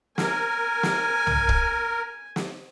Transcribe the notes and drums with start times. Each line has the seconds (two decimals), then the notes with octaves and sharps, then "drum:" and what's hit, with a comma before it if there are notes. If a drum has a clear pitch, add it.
0.18 A#4 G#5, drum: snare
0.83 drum: snare
1.27 drum: tom
1.49 drum: kick
2.36 drum: snare